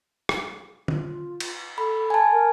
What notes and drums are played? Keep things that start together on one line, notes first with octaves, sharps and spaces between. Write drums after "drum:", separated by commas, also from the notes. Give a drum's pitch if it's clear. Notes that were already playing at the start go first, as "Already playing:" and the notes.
drum: rim click
F4, drum: tom D3
drum: cymbal
A4 B5
G#5 A5
A#4